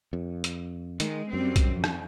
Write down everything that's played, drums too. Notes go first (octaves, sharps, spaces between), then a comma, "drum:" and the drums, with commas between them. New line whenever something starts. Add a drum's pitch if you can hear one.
F2
drum: hi-hat
D#3 G#3, drum: hi-hat
F#2 G3 C4
drum: kick B1, hi-hat
F2
drum: rim click